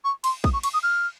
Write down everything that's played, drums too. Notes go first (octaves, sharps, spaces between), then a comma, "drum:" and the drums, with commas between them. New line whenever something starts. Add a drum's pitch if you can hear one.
C#6
C6, drum: cymbal
D#6, drum: kick
C#6
C#6, drum: cymbal
D#6
F6